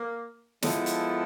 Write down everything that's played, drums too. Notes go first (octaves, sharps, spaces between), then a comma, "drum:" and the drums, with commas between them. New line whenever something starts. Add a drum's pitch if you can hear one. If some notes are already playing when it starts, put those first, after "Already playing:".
Already playing: A#3
F3 G#3 B3 E4 A4, drum: snare
drum: hi-hat